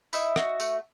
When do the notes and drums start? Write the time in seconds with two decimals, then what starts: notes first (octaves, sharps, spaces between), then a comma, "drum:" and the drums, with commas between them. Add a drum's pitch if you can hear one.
0.13 D#4 E4 E5, drum: tambourine
0.36 F#4, drum: rim click
0.60 A3, drum: tambourine